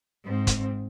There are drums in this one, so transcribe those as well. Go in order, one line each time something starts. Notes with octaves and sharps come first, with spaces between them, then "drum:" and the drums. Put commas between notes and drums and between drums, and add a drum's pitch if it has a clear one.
G#2 C4
drum: kick, hi-hat